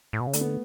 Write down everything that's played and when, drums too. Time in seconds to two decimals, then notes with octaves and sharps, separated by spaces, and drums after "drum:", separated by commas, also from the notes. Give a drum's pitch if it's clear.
0.13 A2
0.20 B2
0.27 C#3
0.33 D3 A3, drum: hi-hat
0.41 B3
0.49 A3